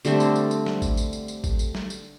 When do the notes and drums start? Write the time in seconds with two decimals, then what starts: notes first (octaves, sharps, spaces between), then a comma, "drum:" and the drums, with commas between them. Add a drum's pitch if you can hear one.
0.05 D3 G3 A3 C4, drum: tambourine
0.20 drum: tambourine
0.36 drum: tambourine
0.51 drum: tambourine
0.66 drum: snare G3
0.82 drum: kick, tambourine
0.97 drum: tambourine
1.13 drum: tambourine
1.28 drum: tambourine
1.44 drum: kick, tambourine
1.59 drum: tambourine
1.75 drum: snare G3
1.90 drum: tambourine